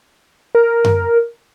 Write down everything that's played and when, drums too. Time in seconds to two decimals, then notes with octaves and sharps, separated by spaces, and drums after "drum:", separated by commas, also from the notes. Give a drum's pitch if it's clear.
0.55 A#4
0.84 drum: tom F#2